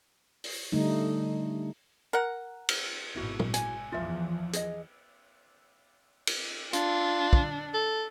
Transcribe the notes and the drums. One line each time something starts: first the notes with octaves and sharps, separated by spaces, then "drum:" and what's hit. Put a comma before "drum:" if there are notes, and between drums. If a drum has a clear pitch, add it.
drum: open hi-hat
D3 G3 A3 D#4
A#4 F#5
drum: cymbal
G#1 B2 E4 F#4
drum: tom
G#5, drum: hi-hat
E2 E3 F3 F4 E5
G#4 D#5, drum: hi-hat
drum: cymbal
D4 F4, drum: hi-hat
drum: kick
A4